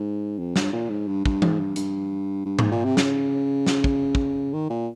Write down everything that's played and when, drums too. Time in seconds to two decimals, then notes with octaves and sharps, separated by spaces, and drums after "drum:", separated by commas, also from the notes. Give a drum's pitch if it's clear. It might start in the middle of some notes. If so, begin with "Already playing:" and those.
Already playing: G#2
0.38 F2
0.56 G2, drum: snare
0.73 A#2
0.90 G#2
1.07 G2
1.25 G2, drum: kick
1.42 G#2, drum: tom E3
1.59 G2
1.76 G2, drum: hi-hat
2.45 G2
2.59 G#2, drum: tom G#2
2.72 A#2
2.85 C3
2.97 C#3, drum: snare
3.66 drum: snare
3.84 drum: kick
4.15 drum: kick
4.53 D#3
4.70 A#2